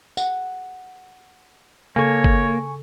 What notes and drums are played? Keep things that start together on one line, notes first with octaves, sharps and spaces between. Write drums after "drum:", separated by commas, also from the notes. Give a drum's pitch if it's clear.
F#5, drum: tambourine
C#3 A#3 A4 C#5 G#5 C#6
drum: kick G1